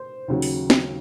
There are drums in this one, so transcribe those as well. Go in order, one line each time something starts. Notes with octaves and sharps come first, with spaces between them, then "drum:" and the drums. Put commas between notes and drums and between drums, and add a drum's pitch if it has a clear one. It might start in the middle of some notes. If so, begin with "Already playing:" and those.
Already playing: C5
D#2 C#3 F#3
drum: open hi-hat
drum: snare